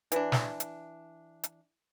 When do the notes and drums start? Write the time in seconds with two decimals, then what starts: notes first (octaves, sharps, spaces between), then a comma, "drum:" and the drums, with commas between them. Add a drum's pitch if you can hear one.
0.12 E3 D4, drum: hi-hat
0.32 drum: snare
0.60 drum: hi-hat
1.43 drum: hi-hat